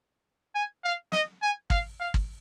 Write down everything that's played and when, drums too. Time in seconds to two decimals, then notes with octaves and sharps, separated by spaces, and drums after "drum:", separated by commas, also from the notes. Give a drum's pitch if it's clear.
0.55 G#5
0.84 F5
1.12 D#5, drum: snare
1.42 G#5
1.70 F5, drum: kick G#1
2.00 F5
2.14 drum: kick G#1